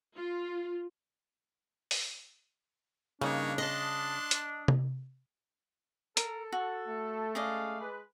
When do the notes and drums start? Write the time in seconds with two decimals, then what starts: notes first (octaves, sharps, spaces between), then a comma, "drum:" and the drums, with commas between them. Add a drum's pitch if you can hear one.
0.17 F4
1.91 drum: open hi-hat
3.21 G2 C#3 A#3 D4 D#4 C#5
3.58 D#5 A5 C6 F#6
4.31 drum: hi-hat
4.68 drum: tom C3
6.17 A4 A#4, drum: hi-hat
6.52 F#4
6.88 A3
7.35 G#3 C#4 G#4 D5 D#5 F5
7.79 G#3 B4